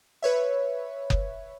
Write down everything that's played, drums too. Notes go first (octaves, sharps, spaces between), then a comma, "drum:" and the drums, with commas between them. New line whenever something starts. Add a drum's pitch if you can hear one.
B4 C#5 E5
drum: kick F#1